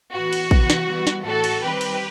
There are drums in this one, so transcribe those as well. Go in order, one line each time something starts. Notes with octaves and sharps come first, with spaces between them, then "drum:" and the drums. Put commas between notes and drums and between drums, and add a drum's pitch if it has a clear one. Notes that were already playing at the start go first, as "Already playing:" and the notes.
A2 E3 B3 F#4
drum: cymbal
C3 E3 B3, drum: kick A1
drum: snare
E3 G3 B3
drum: snare
A2 E3 A3 F#4 A4
drum: cymbal
D#3 G3 C4 G4 B4
drum: cymbal